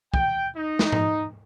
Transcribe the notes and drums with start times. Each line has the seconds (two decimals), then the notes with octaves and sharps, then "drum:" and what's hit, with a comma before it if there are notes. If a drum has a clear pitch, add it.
0.14 G5, drum: kick
0.56 D#4
0.79 drum: snare
0.92 drum: tom G#2